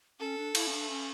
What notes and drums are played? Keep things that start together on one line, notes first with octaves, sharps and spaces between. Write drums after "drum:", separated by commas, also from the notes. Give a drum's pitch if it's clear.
C#4 A4
D4
E4, drum: cymbal
C#4
D4
C#4